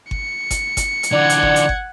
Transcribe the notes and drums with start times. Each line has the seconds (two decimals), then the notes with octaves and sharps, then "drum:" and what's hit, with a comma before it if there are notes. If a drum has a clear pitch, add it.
0.11 C#7, drum: kick G1
0.50 drum: kick G1, hi-hat
0.77 drum: kick G1, hi-hat
1.03 drum: hi-hat
1.12 D3 E3 D5 F#5 G#6
1.29 drum: hi-hat
1.43 drum: kick G1
1.56 drum: hi-hat
1.69 drum: kick G1